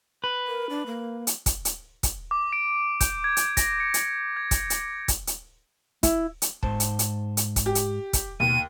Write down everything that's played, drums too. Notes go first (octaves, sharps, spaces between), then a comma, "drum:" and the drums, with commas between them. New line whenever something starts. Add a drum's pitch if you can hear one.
B4
A#4
D4
A#3
drum: hi-hat
drum: kick, hi-hat
drum: hi-hat
drum: kick, hi-hat
D6
D7
G6, drum: kick, hi-hat
G#6
drum: hi-hat
A#6, drum: kick, hi-hat
C#7
drum: hi-hat
G#6
drum: kick, hi-hat
drum: hi-hat
drum: kick, hi-hat
drum: hi-hat
E4, drum: kick, hi-hat
drum: hi-hat
G#2 C5 A5, drum: kick
drum: hi-hat
drum: hi-hat
drum: hi-hat
drum: kick, hi-hat
G4
drum: hi-hat
drum: kick, hi-hat
D#2 B2 D#7